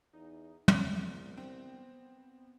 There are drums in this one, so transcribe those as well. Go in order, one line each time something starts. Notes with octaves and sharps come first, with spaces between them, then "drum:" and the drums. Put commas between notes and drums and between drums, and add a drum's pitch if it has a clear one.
E2 D#4
C2 B3, drum: tom
C4